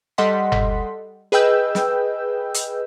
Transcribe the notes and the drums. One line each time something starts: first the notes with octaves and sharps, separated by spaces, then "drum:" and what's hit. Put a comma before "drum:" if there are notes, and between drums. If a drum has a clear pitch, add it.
G3 A4 D#5 F#5 C6 B6
drum: tom F#1
G#4 B4 D#5 G5 E6 G6
drum: snare
drum: hi-hat